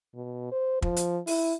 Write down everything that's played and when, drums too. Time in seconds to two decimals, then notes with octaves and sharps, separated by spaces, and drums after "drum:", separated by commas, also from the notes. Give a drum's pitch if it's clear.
0.15 B2
0.52 C5
0.82 F3, drum: kick
0.96 drum: hi-hat
1.27 E4, drum: open hi-hat